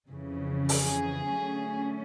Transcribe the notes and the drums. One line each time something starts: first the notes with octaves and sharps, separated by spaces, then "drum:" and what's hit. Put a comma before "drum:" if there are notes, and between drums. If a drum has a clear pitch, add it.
F2 C#3 E3
G#4, drum: open hi-hat
D3 F#3 A3 C#4